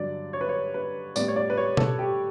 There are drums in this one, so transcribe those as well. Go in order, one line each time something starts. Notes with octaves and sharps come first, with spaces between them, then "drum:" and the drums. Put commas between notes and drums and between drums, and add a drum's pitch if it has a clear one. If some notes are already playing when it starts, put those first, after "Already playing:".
Already playing: G2 D3 F#3 D5
C#5
B4
C#5
B4
A2 G3 B3 D5, drum: tambourine
C#5
D5
B4
C#5
A4, drum: tom B2
G4